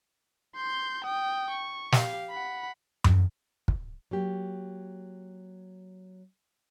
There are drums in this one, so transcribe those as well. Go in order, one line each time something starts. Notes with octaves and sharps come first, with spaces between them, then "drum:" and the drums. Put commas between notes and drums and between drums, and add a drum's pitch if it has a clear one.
C6 G6
G5 D#6
C#6
G4 F5, drum: snare
F#5 B5
drum: tom F#2
drum: kick
F#3 A#3 G4